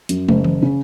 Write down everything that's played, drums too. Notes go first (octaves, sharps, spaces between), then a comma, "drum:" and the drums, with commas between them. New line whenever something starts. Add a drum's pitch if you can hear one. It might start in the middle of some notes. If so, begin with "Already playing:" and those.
F#2, drum: hi-hat
F#1, drum: tom
drum: tom D#3
C#3